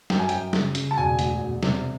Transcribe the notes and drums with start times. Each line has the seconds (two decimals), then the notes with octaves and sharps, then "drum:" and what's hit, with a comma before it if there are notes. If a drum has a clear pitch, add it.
0.10 F#2 G5, drum: snare
0.19 G#5
0.29 F#2 G5, drum: hi-hat
0.53 C#3, drum: snare
0.75 C#3, drum: hi-hat
0.91 A5
0.97 E1 G#5
1.19 D2, drum: hi-hat
1.41 E1
1.63 C3, drum: snare